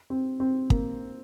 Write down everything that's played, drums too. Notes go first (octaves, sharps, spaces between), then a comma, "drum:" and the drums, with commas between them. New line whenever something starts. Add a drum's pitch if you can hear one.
C4
C4
A#3, drum: kick